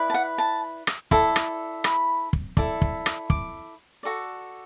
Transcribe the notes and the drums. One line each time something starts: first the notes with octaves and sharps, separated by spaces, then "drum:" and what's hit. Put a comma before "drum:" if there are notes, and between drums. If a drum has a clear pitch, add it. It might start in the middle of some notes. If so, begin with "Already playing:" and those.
Already playing: E4 B4 D5
A5
F#5
A5
drum: rim click
E4 A4 D5 A5, drum: kick
drum: rim click
B5, drum: rim click
drum: kick
E4 A4 D5, drum: kick
drum: kick
drum: rim click
D6, drum: kick
F#4 A4 D5